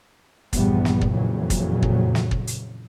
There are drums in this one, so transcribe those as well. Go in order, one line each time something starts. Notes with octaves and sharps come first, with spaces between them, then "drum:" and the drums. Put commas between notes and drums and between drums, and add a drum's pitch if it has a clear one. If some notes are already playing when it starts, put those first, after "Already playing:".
A#1 E2 G2 G3 B3, drum: kick, hi-hat
drum: snare
drum: kick
F2 A#2 C#3 E3 F#3
drum: kick, hi-hat
drum: kick
drum: snare
drum: kick
drum: hi-hat